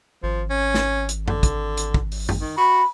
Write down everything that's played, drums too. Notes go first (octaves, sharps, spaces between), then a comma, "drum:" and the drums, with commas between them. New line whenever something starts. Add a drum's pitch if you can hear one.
G#1 F3
C#4
drum: snare
drum: hi-hat
D3, drum: tom F#2
drum: kick, hi-hat
drum: hi-hat
drum: kick
drum: open hi-hat
drum: tom F#2
D#3
F#4 B5